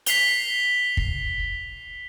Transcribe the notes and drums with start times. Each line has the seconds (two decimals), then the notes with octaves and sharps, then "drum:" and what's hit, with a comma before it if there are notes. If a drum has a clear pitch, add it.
0.06 B6 C7 F7 G7, drum: hi-hat
0.97 drum: kick